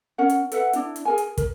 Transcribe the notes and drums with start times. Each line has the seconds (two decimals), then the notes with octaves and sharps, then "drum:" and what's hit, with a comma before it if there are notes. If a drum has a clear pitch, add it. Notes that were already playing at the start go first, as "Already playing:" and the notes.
0.18 C#4 A#4 F#5
0.30 drum: hi-hat
0.52 A4 B4 E5 F#5, drum: hi-hat
0.73 D4 E4, drum: hi-hat
0.96 drum: hi-hat
1.05 G#4 A#4 G#5
1.18 drum: hi-hat
1.38 A#4, drum: kick, hi-hat